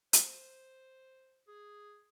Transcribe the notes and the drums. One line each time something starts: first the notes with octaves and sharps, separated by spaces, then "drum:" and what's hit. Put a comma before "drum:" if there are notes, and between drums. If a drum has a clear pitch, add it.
C5, drum: hi-hat
G#4